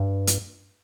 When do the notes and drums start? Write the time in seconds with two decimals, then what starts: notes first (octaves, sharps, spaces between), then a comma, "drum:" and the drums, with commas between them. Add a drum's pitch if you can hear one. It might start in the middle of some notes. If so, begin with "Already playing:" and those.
Already playing: G2
0.27 drum: hi-hat